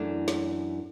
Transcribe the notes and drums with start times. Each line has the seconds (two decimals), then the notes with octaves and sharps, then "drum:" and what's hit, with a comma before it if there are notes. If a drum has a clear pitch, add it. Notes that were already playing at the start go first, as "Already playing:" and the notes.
Already playing: F#2 E3 A3 D4
0.28 drum: snare